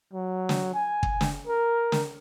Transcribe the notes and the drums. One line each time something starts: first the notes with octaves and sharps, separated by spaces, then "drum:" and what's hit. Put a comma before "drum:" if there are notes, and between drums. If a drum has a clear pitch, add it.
F#3
drum: snare
G#5
drum: kick
drum: snare
A#4
drum: snare